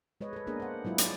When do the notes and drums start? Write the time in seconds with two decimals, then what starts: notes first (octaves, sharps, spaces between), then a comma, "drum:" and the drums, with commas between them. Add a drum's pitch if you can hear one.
0.21 G#3 B4 C#5 D#5
0.33 A4 B4
0.47 A#3 B3 D4 G#4 A#4 D#5
0.60 C5 F#5
0.85 F#3 G#3 E4 F4 G#4
0.98 D5, drum: hi-hat